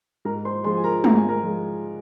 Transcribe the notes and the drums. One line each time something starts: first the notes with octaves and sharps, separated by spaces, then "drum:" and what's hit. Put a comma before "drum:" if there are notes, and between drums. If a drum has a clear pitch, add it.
G#2 A#4 A#5
C5 C6
F3 G#3 C5 C6
G#5
A#4 A#5
G#2 A#5, drum: tom
G#5
A#4 A#5
F3 G#3